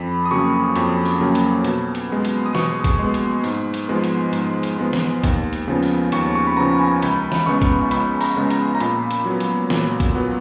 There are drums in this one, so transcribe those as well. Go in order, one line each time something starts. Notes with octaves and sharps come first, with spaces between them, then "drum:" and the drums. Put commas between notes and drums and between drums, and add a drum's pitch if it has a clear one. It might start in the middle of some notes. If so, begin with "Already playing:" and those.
Already playing: F2 B5
D#6
C#3 F#3 A#3 C#6
F2 B5, drum: hi-hat
drum: open hi-hat
C#3 F#3 A#3
drum: hi-hat
B2, drum: hi-hat
drum: hi-hat
G#3 B3
drum: hi-hat
D#6
B2 C#6, drum: snare
drum: kick, hi-hat
G#3 B3
drum: hi-hat
G#2, drum: open hi-hat
drum: hi-hat
F3 G#3 B3
drum: hi-hat
G#2, drum: hi-hat
drum: hi-hat
F3 G#3 B3
drum: snare
D#2, drum: kick, hi-hat
drum: hi-hat
C#3 F3 B3
drum: open hi-hat
D#2 C#6, drum: hi-hat
C#6
B5
C#3 F3 B3 A#5
G#5
C#2 B5, drum: hi-hat
drum: snare
C#3 G#3 B3 C#6
drum: kick, hi-hat
C#2 B5, drum: hi-hat
A#5, drum: open hi-hat
C#3 G#3 B3
A#5, drum: hi-hat
A#5
A#2 B5, drum: hi-hat
drum: hi-hat
F#3 B3
drum: hi-hat
A#2, drum: snare
drum: kick, hi-hat
F#3 B3